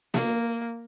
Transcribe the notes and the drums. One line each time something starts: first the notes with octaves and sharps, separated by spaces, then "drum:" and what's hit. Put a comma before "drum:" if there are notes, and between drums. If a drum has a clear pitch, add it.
A#3, drum: snare A#3